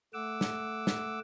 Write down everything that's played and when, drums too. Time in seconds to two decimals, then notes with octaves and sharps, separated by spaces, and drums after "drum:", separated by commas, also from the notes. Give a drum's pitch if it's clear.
0.14 A3 F#5 D6 E6
0.41 drum: snare
0.87 drum: snare